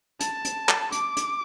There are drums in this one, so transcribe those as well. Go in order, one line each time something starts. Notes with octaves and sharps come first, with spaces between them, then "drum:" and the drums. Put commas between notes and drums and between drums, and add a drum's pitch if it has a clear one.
A5, drum: hi-hat
drum: hi-hat
drum: clap
D6, drum: hi-hat
drum: hi-hat